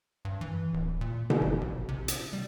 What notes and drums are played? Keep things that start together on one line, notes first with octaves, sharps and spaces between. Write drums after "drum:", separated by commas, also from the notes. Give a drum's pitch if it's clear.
G2
E3
D1
A#2
drum: tom B2
G1
A#1
C3
drum: hi-hat
G3